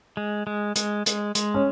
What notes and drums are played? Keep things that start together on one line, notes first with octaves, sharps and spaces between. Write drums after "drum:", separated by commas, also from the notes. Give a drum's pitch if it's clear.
G#3
G#3
G#3, drum: hi-hat
G#3, drum: hi-hat
G#3, drum: hi-hat
C#4